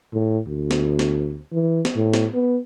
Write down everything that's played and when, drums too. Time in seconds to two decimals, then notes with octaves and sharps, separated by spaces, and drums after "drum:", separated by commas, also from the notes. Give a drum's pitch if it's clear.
0.14 A2
0.48 D2
0.71 drum: snare
0.99 drum: snare
1.52 E3
1.85 drum: snare
1.96 A2
2.14 drum: snare
2.34 B3